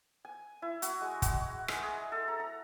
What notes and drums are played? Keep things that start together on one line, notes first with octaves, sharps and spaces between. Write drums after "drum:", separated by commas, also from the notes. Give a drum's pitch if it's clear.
G#5
E4
F#4, drum: hi-hat
G#3
F#4, drum: kick, hi-hat
G#3, drum: rim click
G#4
A4
A#5
A#5